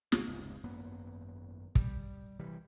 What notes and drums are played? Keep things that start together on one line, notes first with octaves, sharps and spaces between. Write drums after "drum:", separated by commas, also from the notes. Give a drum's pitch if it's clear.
G#1 C#2 G#2, drum: snare
F1 C#2 G#2
G#1 F#2 A#3 B3
G3, drum: kick
C3 E3 G3